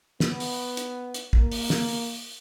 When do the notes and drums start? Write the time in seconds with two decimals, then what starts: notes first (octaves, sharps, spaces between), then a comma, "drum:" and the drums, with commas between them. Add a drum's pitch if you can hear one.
0.20 B3, drum: snare
0.40 drum: open hi-hat
0.77 drum: hi-hat
1.14 drum: hi-hat
1.33 A#3, drum: kick
1.52 drum: open hi-hat
1.70 drum: snare
1.89 drum: open hi-hat